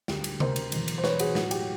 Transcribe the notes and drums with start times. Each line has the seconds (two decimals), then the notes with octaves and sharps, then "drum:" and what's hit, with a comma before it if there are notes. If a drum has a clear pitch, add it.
0.08 D2 D3 G3 G4, drum: snare
0.24 drum: cymbal
0.40 A#4 C5, drum: tom C3
0.56 drum: cymbal
0.72 E2 B2 F#3, drum: cymbal
0.88 drum: cymbal
0.98 C5
1.04 B4 C#5, drum: snare
1.19 F#4 G#4, drum: cymbal
1.35 A2 F#3 F#4, drum: snare
1.51 G4, drum: cymbal